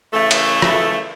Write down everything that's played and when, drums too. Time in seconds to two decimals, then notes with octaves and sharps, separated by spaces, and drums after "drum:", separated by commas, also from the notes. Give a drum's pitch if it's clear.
0.13 C#3 E3 A3
0.31 drum: cymbal
0.62 drum: rim click